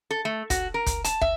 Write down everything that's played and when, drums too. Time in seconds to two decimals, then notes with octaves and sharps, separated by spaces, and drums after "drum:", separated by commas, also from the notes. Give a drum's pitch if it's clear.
0.11 A4
0.25 A3
0.50 F#4, drum: kick, hi-hat
0.74 A#4
0.86 drum: kick, hi-hat
1.04 A5, drum: hi-hat
1.21 E5, drum: kick